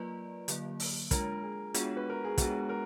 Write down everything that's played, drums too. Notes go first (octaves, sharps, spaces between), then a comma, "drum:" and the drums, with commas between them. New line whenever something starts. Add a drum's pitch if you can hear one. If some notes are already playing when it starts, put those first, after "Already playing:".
Already playing: F#3 A#3 F4 A#4 B4 D5
D3 F#3 A#3, drum: hi-hat
drum: open hi-hat
G#3 D4 F4 A#4, drum: kick, hi-hat
G#4
G#3 B3 D4 F4 F#4 G#4, drum: hi-hat
B4
A#4
G#4
G#3 B3 D4 F#4, drum: kick, hi-hat
A#4